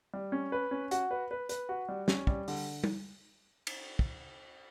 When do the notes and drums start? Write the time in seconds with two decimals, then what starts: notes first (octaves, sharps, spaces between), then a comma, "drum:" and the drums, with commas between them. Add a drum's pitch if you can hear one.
0.14 G3
0.32 C#4
0.52 B4
0.71 C#4
0.91 F#4, drum: hi-hat
1.11 B4
1.31 B4
1.49 B4, drum: hi-hat
1.69 F#4
1.89 G3
2.08 C#4, drum: snare
2.27 G3, drum: kick
2.48 D3, drum: open hi-hat
2.84 drum: tom G3
3.67 drum: cymbal
3.99 drum: kick